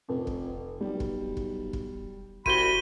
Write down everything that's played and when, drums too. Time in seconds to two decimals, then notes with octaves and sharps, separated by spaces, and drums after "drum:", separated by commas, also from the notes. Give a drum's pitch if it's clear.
0.09 F1 F2
0.27 drum: kick
0.81 B1 G3
1.00 drum: kick
1.37 drum: kick
1.73 drum: kick
2.46 C2 F#4 B5 C6 G6 G#6 D#7 G7, drum: kick